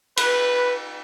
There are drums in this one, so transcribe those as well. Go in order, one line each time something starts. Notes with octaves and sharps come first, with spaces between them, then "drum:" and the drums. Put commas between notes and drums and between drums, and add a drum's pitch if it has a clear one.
B4, drum: cymbal